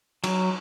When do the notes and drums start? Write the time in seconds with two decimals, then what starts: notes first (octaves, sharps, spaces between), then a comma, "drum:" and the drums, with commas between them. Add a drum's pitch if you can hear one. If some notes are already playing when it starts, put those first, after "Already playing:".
0.24 F#3, drum: cymbal